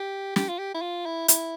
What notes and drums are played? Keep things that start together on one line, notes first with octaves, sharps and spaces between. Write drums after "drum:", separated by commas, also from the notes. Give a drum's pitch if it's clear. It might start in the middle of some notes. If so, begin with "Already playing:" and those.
Already playing: G4
G4, drum: snare
F4
G4
E4
F4
E4
E4, drum: hi-hat